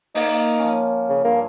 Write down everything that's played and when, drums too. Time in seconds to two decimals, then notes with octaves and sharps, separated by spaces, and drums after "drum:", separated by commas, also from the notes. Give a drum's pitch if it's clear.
0.15 A#3 D#4, drum: open hi-hat
0.59 F3 C#4
1.09 C#3
1.25 G2 A#3